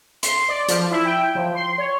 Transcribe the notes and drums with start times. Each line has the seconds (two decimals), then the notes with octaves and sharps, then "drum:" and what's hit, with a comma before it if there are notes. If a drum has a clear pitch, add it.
0.23 C6, drum: hi-hat
0.49 D5
0.68 F3, drum: hi-hat
0.91 E4
1.05 G5
1.35 F3
1.55 C6
1.78 C#5